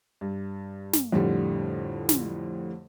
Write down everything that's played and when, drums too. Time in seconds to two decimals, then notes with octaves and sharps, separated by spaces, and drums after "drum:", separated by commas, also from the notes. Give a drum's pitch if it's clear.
0.21 G2
0.93 drum: snare
1.12 F2 A2 D3 G3
2.09 drum: snare